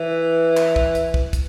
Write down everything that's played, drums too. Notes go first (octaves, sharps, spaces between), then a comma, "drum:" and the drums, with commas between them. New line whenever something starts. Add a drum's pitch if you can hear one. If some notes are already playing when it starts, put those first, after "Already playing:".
Already playing: E3
drum: clap
drum: kick
drum: hi-hat
drum: kick
drum: kick, hi-hat